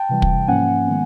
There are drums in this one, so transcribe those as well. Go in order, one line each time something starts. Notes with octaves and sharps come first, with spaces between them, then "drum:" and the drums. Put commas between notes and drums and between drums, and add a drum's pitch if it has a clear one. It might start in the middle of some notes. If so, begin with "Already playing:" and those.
Already playing: G5 A5
C3 E3 G3
drum: kick
G#2 F3 A#3 C#4 F#5 G#5
D#3 G#3 B3